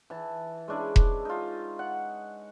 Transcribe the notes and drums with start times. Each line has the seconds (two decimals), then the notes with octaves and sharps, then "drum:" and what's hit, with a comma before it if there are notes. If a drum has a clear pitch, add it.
0.10 E3 A5
0.68 G#3 C#4 D4 E4
0.96 drum: kick E1
1.25 D#4 F4
1.79 F#5